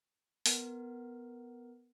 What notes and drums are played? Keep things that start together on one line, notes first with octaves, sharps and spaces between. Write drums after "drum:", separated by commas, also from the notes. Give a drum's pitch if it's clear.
B3 A#4, drum: open hi-hat